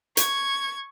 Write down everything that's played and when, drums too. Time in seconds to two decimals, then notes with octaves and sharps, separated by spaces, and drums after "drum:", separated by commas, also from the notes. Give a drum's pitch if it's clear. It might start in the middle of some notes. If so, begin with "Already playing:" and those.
0.17 C#6 G#6, drum: hi-hat